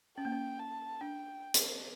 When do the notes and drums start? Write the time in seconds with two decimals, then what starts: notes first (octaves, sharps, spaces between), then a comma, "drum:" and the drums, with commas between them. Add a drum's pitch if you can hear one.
0.18 C#4 G5
0.25 A#3
0.32 C#4
0.59 A5
1.01 D4 G5
1.54 drum: hi-hat